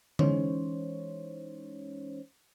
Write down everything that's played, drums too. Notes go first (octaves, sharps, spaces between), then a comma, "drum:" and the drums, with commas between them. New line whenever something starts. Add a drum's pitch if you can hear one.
E3 G#3 C#4 D#4 C5 C#5, drum: tom D3